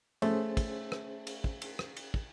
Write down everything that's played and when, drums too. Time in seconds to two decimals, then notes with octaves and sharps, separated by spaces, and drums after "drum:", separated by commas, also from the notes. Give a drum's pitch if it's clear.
0.22 A3 C#4 G#4 C5, drum: cymbal
0.57 drum: kick, cymbal
0.92 drum: rim click
1.27 drum: cymbal
1.44 drum: kick
1.62 drum: cymbal
1.79 drum: rim click
1.97 drum: cymbal
2.14 drum: kick